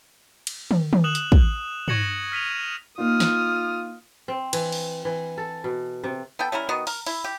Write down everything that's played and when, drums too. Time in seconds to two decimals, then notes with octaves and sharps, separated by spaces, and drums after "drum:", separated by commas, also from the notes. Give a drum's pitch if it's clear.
0.47 drum: cymbal
0.71 drum: tom
0.93 drum: tom
1.04 D#6 F#6 E7 F#7
1.15 drum: hi-hat
1.32 drum: kick
1.88 C#6 G#6 A#6 C#7 E7 F#7, drum: tom
2.32 F6 B6 D#7 F7
2.98 A#3 D#4 F4 D#6 F6
3.20 drum: snare
4.28 C4
4.53 E3, drum: cymbal
4.72 drum: open hi-hat
5.05 E3
5.38 A4
5.64 B2
6.04 C3
6.39 B3 A4 G5
6.52 G3 C#4 E4 A#4
6.69 D#3 B3 F#4 D#5
6.87 A#4, drum: open hi-hat
7.06 E4, drum: open hi-hat
7.24 G4